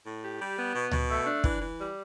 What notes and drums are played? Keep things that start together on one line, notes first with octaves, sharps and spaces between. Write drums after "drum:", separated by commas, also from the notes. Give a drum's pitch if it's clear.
A2
G4
G3
B3
B2
B2, drum: tom C#2
A3
D4
E3, drum: kick
E3
G3